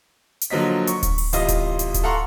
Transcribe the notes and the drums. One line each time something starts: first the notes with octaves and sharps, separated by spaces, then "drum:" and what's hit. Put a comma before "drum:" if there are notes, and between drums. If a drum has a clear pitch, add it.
drum: hi-hat
D3 F3 F#3 A#3 D#5 B6
C#6, drum: hi-hat
drum: kick D1, hi-hat
drum: open hi-hat
A1 C3 F4 D#5 D#6, drum: hi-hat
drum: kick D1, hi-hat
drum: hi-hat
drum: kick D1, hi-hat
A4 F5 F#5 A#5 C6 C#6